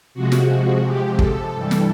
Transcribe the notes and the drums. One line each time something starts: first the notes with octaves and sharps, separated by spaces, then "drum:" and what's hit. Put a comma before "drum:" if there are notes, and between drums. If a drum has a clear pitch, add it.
C3 F3 G#3 F#4
drum: snare
G4
A4, drum: kick
G2 E3 G3 A4
drum: snare